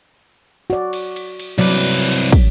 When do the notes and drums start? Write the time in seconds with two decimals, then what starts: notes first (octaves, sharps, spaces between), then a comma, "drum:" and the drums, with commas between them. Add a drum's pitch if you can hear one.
0.70 F#4 D5
0.93 drum: cymbal
1.16 drum: cymbal
1.39 drum: cymbal
1.58 C2 F#3 B4 D5
1.86 drum: cymbal
2.09 drum: cymbal
2.32 drum: kick, cymbal